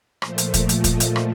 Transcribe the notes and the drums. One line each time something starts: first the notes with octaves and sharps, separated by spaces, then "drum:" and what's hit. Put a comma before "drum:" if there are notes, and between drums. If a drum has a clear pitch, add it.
A#2 F3 A3 C5, drum: rim click
drum: hi-hat
A#4, drum: kick, hi-hat
drum: hi-hat
D#5, drum: kick, hi-hat
drum: hi-hat
drum: rim click